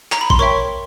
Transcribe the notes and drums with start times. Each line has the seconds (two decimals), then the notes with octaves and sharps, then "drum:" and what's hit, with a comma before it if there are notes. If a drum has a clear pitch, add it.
0.12 A#5, drum: clap
0.21 B5
0.30 C6, drum: kick
0.39 A#4 C#5 E5 G5 C#6